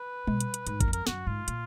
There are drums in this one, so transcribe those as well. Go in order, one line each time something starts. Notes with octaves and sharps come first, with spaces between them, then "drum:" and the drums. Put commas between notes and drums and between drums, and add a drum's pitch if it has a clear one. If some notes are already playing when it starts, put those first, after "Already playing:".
Already playing: B4
B2, drum: tom G3
drum: hi-hat
drum: hi-hat
G#2 B4, drum: hi-hat
A#4, drum: kick G#1, hi-hat
F2
A#4, drum: hi-hat
F#2 F#4, drum: snare
G#2 F4
A#2, drum: hi-hat